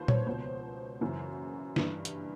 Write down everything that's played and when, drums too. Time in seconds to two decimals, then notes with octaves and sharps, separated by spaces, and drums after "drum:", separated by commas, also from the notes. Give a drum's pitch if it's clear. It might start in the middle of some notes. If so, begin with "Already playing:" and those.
Already playing: D#2 F3 B4 C5
0.08 C#5, drum: tom A#2
0.26 C#2 B2 C5
1.01 F#2 C#3 E3
1.76 G2 E3, drum: snare
2.05 drum: hi-hat